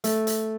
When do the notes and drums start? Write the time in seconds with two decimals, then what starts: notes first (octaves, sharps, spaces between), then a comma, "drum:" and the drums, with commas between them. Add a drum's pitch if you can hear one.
0.04 A3, drum: hi-hat
0.27 drum: hi-hat